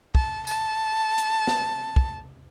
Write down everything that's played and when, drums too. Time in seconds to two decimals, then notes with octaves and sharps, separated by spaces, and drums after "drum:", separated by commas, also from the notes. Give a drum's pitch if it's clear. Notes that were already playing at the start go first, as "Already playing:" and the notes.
0.15 A5, drum: kick
0.47 A5, drum: tambourine
1.18 drum: hi-hat
1.47 drum: snare
1.96 drum: kick